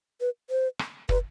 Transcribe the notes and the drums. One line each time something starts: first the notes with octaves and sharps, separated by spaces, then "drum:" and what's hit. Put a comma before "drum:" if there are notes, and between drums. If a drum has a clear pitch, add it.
B4
C5
drum: rim click
B4, drum: kick